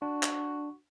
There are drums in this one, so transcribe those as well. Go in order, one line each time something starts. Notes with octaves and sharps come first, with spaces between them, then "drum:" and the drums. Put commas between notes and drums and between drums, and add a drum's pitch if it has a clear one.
D4 F#4
drum: clap